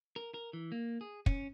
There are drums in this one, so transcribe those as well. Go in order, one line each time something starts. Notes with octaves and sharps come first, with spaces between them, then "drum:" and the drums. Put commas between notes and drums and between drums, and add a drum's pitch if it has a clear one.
A#4
A#4
E3
A#3
G#4
C#4, drum: kick